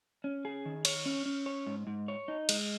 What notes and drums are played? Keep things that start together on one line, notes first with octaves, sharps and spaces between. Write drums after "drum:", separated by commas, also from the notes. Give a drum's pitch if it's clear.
C#4
G#4
D#3
C#5, drum: cymbal
C#4
C#4
C#5
G#2
G#2
C#5
D#4
G#3, drum: cymbal